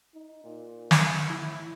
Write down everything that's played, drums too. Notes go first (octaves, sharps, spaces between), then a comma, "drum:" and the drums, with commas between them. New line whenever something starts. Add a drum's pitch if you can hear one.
D#4
A#2
drum: snare
A2 E4